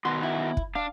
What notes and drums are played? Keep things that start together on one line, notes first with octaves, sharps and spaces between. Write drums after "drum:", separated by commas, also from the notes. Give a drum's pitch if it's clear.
D#3 B3 F#4 C6
E4
drum: kick
D4 F5